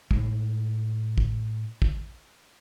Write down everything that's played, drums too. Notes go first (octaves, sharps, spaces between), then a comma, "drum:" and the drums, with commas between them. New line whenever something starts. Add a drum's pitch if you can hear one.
A2 G#3, drum: kick
drum: kick
drum: kick